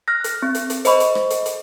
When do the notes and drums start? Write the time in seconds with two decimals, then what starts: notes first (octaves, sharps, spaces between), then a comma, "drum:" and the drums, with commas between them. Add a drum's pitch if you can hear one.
0.08 F6 F#6 A#6
0.24 drum: hi-hat
0.42 C4
0.55 drum: hi-hat
0.70 drum: hi-hat
0.85 C5 D#5 B5 C#6, drum: hi-hat
1.00 drum: hi-hat
1.15 drum: rim click
1.30 drum: hi-hat
1.46 drum: hi-hat